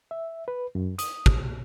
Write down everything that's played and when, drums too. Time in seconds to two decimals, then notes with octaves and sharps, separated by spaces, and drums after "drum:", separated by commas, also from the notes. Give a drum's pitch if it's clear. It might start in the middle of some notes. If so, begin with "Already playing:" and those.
0.11 E5
0.48 B4
0.75 F#2
0.99 D#6, drum: hi-hat
1.26 drum: kick